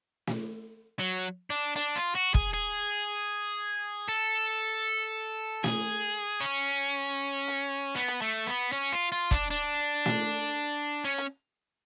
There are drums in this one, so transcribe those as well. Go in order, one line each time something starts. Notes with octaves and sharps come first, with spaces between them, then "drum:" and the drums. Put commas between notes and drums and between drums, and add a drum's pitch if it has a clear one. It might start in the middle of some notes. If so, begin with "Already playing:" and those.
drum: snare
F#3
D4
D4, drum: hi-hat
F4
F#4
G#4, drum: kick
G#4
A4
G#4, drum: snare
C#4
drum: hi-hat
B3
drum: hi-hat
A3
B3
C#4
F4
F4
D4, drum: kick
D4
drum: snare
C#4
drum: hi-hat